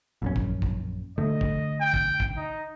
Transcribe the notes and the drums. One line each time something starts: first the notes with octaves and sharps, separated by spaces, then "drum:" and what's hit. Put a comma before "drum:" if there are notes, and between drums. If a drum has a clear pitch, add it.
A#1 F#2 C#4
drum: kick
drum: kick
D3 A3 D#5
drum: kick
G5
drum: kick
drum: kick
D#4